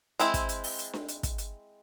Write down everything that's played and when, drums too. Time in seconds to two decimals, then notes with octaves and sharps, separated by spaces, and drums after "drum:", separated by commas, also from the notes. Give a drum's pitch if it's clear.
0.19 G#3 C4 E4, drum: hi-hat
0.34 drum: kick, hi-hat
0.49 drum: hi-hat
0.64 drum: open hi-hat
0.79 drum: hi-hat
0.93 drum: snare D4
1.08 drum: hi-hat
1.23 drum: kick, hi-hat
1.38 drum: hi-hat